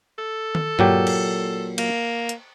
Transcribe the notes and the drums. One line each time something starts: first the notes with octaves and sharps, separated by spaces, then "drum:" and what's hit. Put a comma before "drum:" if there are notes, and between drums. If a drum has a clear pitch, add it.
A4
drum: tom D#3
A#2 F#3 G4, drum: tom G2
drum: cymbal
A#3, drum: cymbal
drum: hi-hat